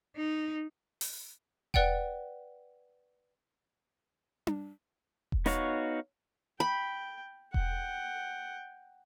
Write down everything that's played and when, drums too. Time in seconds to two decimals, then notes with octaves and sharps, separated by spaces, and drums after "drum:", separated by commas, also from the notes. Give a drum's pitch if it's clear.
0.16 D#4
1.01 drum: open hi-hat
1.74 B4 D5 F#5 G5, drum: kick E1
4.47 drum: tom D4
5.32 drum: kick E1
5.46 B3 D#4 F#4 C#5 F5, drum: snare
6.60 G5 B5
7.54 F#5 G5, drum: kick E1